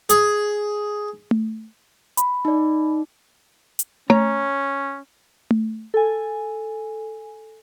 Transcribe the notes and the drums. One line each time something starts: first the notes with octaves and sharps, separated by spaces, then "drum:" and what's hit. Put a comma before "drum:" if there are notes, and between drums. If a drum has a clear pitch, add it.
G#4, drum: hi-hat
drum: tom A3
B5, drum: hi-hat
D#4 D5
drum: hi-hat
C#4 C#5 A#5, drum: tom A3
drum: tom A3
A4 G#5